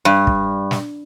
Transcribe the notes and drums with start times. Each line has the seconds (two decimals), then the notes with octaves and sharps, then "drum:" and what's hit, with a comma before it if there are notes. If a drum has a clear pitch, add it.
0.05 G2
0.27 drum: kick
0.71 drum: snare